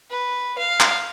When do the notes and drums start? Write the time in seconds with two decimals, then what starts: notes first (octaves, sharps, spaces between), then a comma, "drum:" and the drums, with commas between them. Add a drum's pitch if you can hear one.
0.10 B4
0.58 F5
0.80 drum: clap